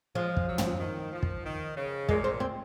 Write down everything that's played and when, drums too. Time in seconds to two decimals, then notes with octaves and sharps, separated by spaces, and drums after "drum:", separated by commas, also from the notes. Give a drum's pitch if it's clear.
0.15 F3 G#3
0.37 drum: kick
0.48 F#3
0.58 drum: tom
0.79 D#3
1.12 F3
1.23 drum: kick
1.44 D#3
1.76 C#3
2.09 A#2 G#3, drum: kick
2.24 C4
2.40 C4